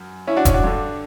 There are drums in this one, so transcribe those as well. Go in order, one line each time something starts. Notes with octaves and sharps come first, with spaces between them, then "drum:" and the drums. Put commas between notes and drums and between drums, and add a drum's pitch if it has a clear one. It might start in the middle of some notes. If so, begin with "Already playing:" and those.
Already playing: F#2
C#4 E4
D4 F#4
C#4 E4, drum: kick E1, hi-hat
D4 F#4
G2 D3